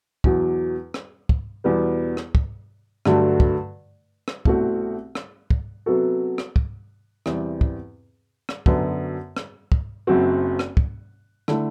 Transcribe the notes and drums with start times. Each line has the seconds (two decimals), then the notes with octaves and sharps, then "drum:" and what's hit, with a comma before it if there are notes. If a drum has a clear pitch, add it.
0.24 E2 B2 F#3, drum: kick
0.94 drum: rim click
1.29 drum: kick
1.64 E2 B2 G3 B3
2.17 drum: rim click
2.35 drum: kick
3.05 G2 D3 F#3 A3, drum: rim click
3.40 drum: kick
4.28 drum: rim click
4.45 C2 B2 A3 C4 F#4, drum: kick
5.15 drum: rim click
5.51 drum: kick
5.86 C3 F#3 B3 F#4 A4
6.38 drum: rim click
6.56 drum: kick
7.26 E2 C3 G3 C4, drum: rim click
7.61 drum: kick
8.49 drum: rim click
8.66 F#2 D3 F#3 B3, drum: kick
9.37 drum: rim click
9.72 drum: kick
10.07 F#1 F#2 F#3 C4 F#4
10.59 drum: rim click
10.77 drum: kick
11.48 D3 A3 E4, drum: rim click